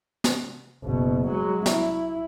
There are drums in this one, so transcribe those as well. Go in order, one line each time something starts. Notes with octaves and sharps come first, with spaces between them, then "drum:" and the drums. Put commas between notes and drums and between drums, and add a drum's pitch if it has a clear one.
drum: snare
F#1 B2
F#3 G#3
E4, drum: snare